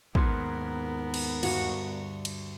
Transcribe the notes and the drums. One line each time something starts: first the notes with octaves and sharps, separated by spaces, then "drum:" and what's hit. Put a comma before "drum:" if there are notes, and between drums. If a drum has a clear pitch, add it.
D#2 G#2 B3 A#4 C6 G#6 C#7, drum: kick
drum: cymbal
D2 G2 F#4, drum: cymbal
drum: cymbal